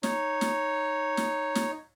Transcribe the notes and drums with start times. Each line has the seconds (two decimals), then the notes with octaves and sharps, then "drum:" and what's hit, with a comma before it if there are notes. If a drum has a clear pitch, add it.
0.03 D#4 C#5, drum: snare
0.41 drum: snare
1.17 drum: snare
1.55 drum: snare